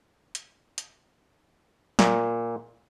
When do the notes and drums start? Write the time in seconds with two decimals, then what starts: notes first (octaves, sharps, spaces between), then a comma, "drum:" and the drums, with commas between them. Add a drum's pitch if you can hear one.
0.35 drum: hi-hat
0.78 drum: hi-hat
1.99 A#2, drum: snare